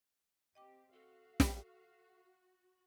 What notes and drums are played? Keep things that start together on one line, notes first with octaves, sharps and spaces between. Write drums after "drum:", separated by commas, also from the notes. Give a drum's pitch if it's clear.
C4 G4 D#5 G5 D6
F#4 A4 F5
drum: snare